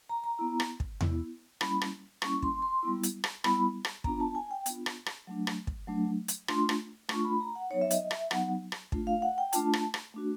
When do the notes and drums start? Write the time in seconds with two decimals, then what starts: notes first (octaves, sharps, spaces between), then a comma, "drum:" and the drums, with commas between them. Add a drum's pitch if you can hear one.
0.09 A#5
0.24 A#5
0.39 B3 E4
0.60 drum: rim click
0.80 drum: kick
1.01 B3 E4, drum: tom E2
1.61 G3 A#3 C#4 E4 B5, drum: rim click
1.81 drum: rim click
2.22 G3 A#3 C#4 E4 C#6, drum: rim click
2.42 C6, drum: kick
2.62 C6
2.83 G3 B3 E4
3.03 drum: hi-hat
3.24 drum: rim click
3.44 G3 B3 E4 B5, drum: rim click
3.85 drum: rim click
4.04 B3 D4 F4 A#5, drum: kick
4.20 A5
4.35 G#5
4.51 G5
4.66 B3 D4 F4, drum: hi-hat
4.86 drum: rim click
5.06 drum: rim click
5.27 F#3 A3 D4
5.47 drum: rim click
5.67 drum: kick
5.88 F#3 A3 D4
6.28 drum: hi-hat
6.48 A3 D4 F4 C6, drum: rim click
6.69 drum: rim click
7.09 A3 D4 F4 C#6, drum: rim click
7.25 B5
7.41 A#5
7.56 F#5
7.70 F#3 B3 D#4 C#5
7.81 E5
7.90 D#5, drum: hi-hat
8.11 E5, drum: rim click
8.31 F#3 B3 D#4 F#5, drum: rim click
8.72 drum: rim click
8.92 A3 D4 F4, drum: kick
9.07 F5
9.22 F#5
9.38 G5
9.53 A3 D4 F4 A5, drum: hi-hat
9.73 drum: rim click
9.94 drum: rim click
10.14 A3 D4 F#4